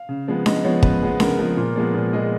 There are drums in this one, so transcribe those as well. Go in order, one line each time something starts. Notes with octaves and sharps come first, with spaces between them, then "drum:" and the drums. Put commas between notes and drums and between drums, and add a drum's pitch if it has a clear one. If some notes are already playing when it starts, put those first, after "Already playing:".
Already playing: F5
C#3
F3 G#3 B3
C#3 D#5, drum: snare D4
F3 G#3 B3 C#5
C#3 B4, drum: kick
F3 G#3 B3
C#3 A#4, drum: snare D4
F3 G#3 B3
A#2
F3 G#3 B3
A#2 G#4
F3 G#3 B3 D#5